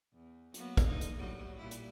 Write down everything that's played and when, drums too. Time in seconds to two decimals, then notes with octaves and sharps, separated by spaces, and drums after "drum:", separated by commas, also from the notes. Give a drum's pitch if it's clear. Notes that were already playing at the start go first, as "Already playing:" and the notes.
0.14 E2
0.54 F#3 A#3 B3, drum: hi-hat
0.77 drum: kick, hi-hat
0.87 D3 D#4
1.01 drum: hi-hat
1.17 A2 F#3 G3
1.57 A#2 G3 E4
1.71 drum: hi-hat